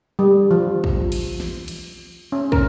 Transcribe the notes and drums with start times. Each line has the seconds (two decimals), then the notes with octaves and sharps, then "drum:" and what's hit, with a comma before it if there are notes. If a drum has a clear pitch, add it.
0.19 G3
0.51 F3
0.84 drum: kick
1.12 drum: cymbal
1.40 drum: snare
1.68 drum: cymbal
2.32 C#4
2.52 A#4, drum: kick